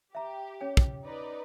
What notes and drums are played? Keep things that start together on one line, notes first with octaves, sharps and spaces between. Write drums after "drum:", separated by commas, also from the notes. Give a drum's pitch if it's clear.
G4 E5 A#5
C#4 C#5 G5
drum: kick
D#4 B4 D5